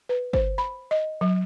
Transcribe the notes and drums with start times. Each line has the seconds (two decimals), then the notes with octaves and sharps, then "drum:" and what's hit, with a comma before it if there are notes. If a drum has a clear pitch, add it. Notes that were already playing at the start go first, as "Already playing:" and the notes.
0.09 B4
0.33 C5, drum: kick G1
0.58 B5
0.91 D#5
1.21 F#3